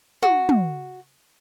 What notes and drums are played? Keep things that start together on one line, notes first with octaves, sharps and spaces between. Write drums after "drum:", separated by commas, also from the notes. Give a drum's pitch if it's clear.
F#4, drum: tom
drum: tom